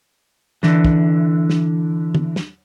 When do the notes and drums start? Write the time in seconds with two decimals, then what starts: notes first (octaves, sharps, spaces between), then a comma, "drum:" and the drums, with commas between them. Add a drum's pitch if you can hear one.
0.63 D3 E3, drum: snare
0.85 drum: kick
1.50 drum: snare
2.15 drum: tom D3
2.36 drum: snare